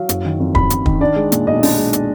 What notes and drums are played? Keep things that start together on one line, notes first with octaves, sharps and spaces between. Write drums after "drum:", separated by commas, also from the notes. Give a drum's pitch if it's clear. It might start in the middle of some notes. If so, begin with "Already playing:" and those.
Already playing: F#3 F5
F#1, drum: hi-hat
D#3
F2
F#1 B5, drum: kick
F#1, drum: hi-hat
D#3, drum: kick
D4 D5
G#3
A#2, drum: hi-hat
B1 D#5
D4, drum: open hi-hat
G#3
drum: hi-hat